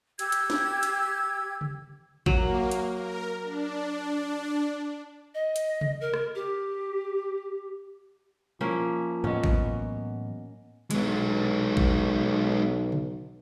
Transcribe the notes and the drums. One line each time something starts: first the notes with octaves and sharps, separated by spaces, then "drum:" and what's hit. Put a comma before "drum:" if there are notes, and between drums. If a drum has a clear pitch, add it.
G4 E6 G#6, drum: hi-hat
drum: hi-hat
drum: snare
drum: hi-hat
drum: tom C#3
F#3 A#3, drum: kick A1
drum: hi-hat
A#4
D4
D#5
drum: hi-hat
drum: tom C3
A#4
drum: rim click
G4
F3 A#3 C#4 E4
A2 E3 F#3 B3 C#4 D#5
drum: kick A1
B1 G#3 B3, drum: hi-hat
drum: kick A1
drum: tom C#3